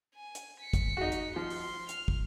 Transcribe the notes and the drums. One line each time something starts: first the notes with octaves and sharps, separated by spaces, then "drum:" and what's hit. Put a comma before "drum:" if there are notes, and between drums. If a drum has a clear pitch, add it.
G#5
drum: hi-hat
B6 C#7
drum: kick, hi-hat
D#4 F#4
drum: hi-hat
F3 C6
drum: open hi-hat
F6, drum: hi-hat
drum: kick